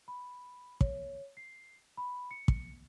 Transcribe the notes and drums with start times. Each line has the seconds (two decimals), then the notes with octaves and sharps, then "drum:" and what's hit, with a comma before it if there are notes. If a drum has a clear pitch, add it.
0.08 B5
0.81 C#5, drum: kick
1.37 C7
1.97 B5
2.31 C#7
2.48 drum: kick